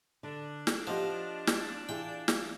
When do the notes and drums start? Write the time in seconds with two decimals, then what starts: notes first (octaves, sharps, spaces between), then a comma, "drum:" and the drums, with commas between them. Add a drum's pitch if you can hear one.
0.23 D3 D4
0.67 drum: snare
0.87 F3 G4 D#5 F#5
1.47 drum: snare
1.89 E3 F4 G#4 G5
2.28 drum: snare